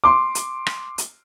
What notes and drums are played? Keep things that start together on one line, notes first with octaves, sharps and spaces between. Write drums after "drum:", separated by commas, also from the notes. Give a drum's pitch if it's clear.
C6 D6
drum: hi-hat
drum: rim click
drum: hi-hat